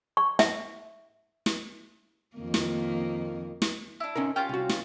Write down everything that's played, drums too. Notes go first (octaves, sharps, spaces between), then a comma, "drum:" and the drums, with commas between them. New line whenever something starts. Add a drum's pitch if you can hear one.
C#6
E5, drum: snare
drum: snare
F2 D#3 A#3
drum: snare
drum: snare
D4 E4
C#4 D#4 A#4
C#4 F4 G4 G5
C2 F#4
drum: snare